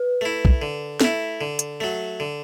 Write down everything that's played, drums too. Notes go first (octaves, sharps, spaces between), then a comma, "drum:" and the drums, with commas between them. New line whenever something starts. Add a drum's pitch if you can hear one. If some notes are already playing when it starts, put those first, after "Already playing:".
Already playing: B4
A3 E4
drum: kick
D3
A3 E4, drum: snare
D3
drum: hi-hat
F#3 A3
D3